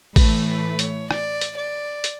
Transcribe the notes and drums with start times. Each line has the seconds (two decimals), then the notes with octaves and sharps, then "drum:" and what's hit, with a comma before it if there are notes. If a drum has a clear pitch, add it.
0.16 A2 E3 A3 B4, drum: kick A1, open hi-hat
0.48 B4
0.79 C#5, drum: hi-hat
1.11 D5, drum: rim click
1.41 drum: hi-hat
1.57 D5
2.04 drum: hi-hat